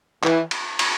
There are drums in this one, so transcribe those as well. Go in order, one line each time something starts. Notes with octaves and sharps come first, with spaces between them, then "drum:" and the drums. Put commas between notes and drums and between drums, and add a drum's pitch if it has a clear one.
E3, drum: clap
drum: cymbal
drum: cymbal